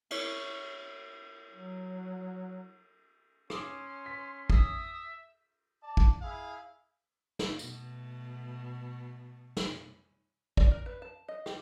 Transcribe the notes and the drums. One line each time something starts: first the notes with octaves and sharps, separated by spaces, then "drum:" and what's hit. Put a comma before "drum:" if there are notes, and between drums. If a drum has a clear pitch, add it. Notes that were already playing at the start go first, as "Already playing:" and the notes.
E4 C#5, drum: cymbal
F#3
C#4 C6 D6 D#6 E7, drum: rim click
B6
E5 D#6, drum: kick
D5 A5
drum: kick
E4 G#4 F5
drum: snare
B2 A3, drum: tambourine
drum: snare
D5, drum: kick
A#4
B4
A5
D#5
G4, drum: rim click